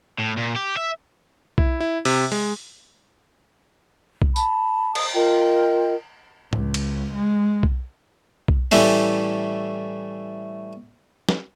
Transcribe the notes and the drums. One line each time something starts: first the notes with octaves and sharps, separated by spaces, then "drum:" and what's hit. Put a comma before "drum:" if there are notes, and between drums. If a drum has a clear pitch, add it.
A2
A#2
G4
E5
E4, drum: kick B1
E4
C3, drum: open hi-hat
G#3, drum: open hi-hat
drum: kick B1
A5 B5, drum: tambourine
D#6, drum: cymbal
F4 A#4 D#5 G5
C#2, drum: tom A2
drum: cymbal
G#3
drum: kick B1
drum: kick B1
A2 E3 G3 A3 C#4, drum: open hi-hat
drum: snare